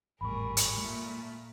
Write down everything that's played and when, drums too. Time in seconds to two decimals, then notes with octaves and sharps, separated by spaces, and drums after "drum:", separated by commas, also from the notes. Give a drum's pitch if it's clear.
0.21 G#1 E2 A2 G3 G#4 A#4 B5 C#6
0.57 drum: hi-hat
0.78 A#2 G#3 A3